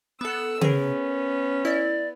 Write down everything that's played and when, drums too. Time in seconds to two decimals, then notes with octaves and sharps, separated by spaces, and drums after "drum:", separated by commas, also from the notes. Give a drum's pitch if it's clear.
0.21 B3 A4 F#5 E6
0.61 B3 C#4 G#4 A#4, drum: tom C#3
1.65 E4 D5